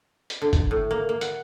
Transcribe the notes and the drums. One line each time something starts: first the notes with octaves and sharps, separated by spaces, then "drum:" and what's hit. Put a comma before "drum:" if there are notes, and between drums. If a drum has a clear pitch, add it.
drum: hi-hat
D3
drum: kick F#1, hi-hat
A2
A#3
A#3
F#5, drum: hi-hat